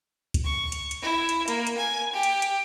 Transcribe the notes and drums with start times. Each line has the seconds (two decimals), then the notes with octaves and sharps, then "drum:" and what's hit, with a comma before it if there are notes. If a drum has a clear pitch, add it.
0.34 drum: kick, hi-hat
0.45 C#6
0.72 drum: hi-hat
0.91 drum: hi-hat
1.02 E4
1.29 drum: hi-hat
1.48 A#3, drum: hi-hat
1.67 drum: hi-hat
1.78 G#5
2.13 G4
2.23 drum: hi-hat
2.42 drum: hi-hat